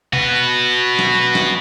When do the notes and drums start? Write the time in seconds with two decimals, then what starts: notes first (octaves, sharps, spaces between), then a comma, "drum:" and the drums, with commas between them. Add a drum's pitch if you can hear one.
0.13 F#4 B4, drum: tom C3
0.99 drum: snare
1.35 drum: snare